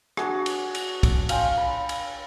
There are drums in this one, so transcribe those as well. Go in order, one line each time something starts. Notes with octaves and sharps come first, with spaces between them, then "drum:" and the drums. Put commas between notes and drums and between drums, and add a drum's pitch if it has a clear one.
D4 F#4 G#4, drum: rim click
drum: cymbal
drum: cymbal
drum: kick, cymbal
F5 G5 G#5 C6, drum: cymbal
B5
drum: cymbal